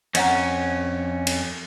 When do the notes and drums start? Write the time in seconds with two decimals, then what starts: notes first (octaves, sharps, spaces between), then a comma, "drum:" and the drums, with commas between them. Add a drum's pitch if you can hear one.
0.15 F2 C#4 D#5 F#5 A#5, drum: cymbal
1.27 drum: cymbal